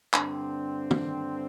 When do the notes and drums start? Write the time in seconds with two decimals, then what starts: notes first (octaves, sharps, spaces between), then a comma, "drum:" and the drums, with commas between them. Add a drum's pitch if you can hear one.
0.14 G2 D3 C4 D4, drum: clap
0.91 drum: tom